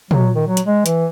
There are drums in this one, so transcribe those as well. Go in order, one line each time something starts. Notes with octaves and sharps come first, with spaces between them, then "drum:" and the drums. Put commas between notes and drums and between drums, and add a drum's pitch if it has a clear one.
F#3, drum: tom
D#3
F#3
drum: hi-hat
G#3
E3, drum: hi-hat